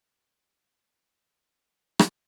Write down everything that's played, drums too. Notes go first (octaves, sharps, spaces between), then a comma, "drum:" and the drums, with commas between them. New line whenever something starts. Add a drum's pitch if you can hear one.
G#3 A3 B4 G#5
drum: rim click